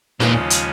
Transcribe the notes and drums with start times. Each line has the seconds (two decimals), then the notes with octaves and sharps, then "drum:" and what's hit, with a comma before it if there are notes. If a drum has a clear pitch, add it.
0.20 D#2 A#2 C#3 F3 G#3 C#4, drum: snare
0.50 drum: hi-hat